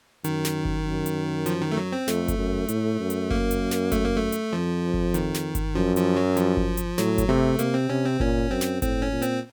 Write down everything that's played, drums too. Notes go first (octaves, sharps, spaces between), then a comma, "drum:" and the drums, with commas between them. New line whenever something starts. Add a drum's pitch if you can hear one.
F#2 D#3, drum: hi-hat
drum: snare
drum: kick G1
F#2
drum: hi-hat
F3, drum: hi-hat
D#3
A3
F#3
C4
F2 A3, drum: snare
drum: kick G1, hi-hat
F#2
A2, drum: hi-hat
F#2
drum: hi-hat
A#3, drum: kick G1
drum: hi-hat
drum: snare
A3, drum: kick G1, hi-hat
A#3
A3
drum: hi-hat
F2 F3
drum: kick G1
D#3, drum: hi-hat
drum: snare
drum: kick G1, hi-hat
F#2 F3
F3, drum: hi-hat
F#3
F3, drum: hi-hat
drum: kick G1
drum: hi-hat
A2 F#3, drum: snare
drum: kick G1, hi-hat
C3 A3
C3 A#3, drum: hi-hat
C4
C3 C#4
C4
A#2 C#4, drum: kick G1
F#2 C4
drum: snare
A2 C4, drum: kick G1, hi-hat
C#4
A#2
C4, drum: hi-hat